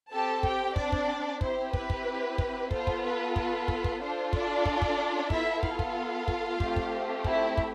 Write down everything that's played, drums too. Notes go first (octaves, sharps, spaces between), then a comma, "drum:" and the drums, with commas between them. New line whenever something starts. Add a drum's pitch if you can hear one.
C4 G4 A4 A5
G4 G5, drum: kick
D4 D5, drum: kick
drum: kick
C4 E4 G4 C5, drum: kick
B4, drum: kick
drum: kick
drum: kick
B3 F4 A4 C5, drum: kick
drum: kick
B4
B4, drum: kick
drum: kick
drum: kick
D4 F4 A4 C5
D4 D5, drum: kick
drum: kick
drum: kick
B3 E4 F4 A4 E5, drum: kick
F4 F5, drum: kick
drum: kick
drum: kick
A3 C4 G4, drum: kick
drum: kick
E4 E5, drum: kick
drum: kick